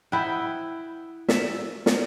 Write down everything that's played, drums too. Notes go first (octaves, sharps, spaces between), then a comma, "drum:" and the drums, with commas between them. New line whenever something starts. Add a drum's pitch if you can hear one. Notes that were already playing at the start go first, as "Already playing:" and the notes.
E4 D#5 F#5 G5
E5, drum: snare
drum: snare